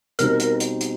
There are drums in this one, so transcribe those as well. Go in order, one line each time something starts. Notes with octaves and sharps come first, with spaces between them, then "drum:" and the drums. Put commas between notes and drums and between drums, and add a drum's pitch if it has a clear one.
B2 G3 C4 D#4 A#4, drum: hi-hat
drum: hi-hat
drum: hi-hat
drum: hi-hat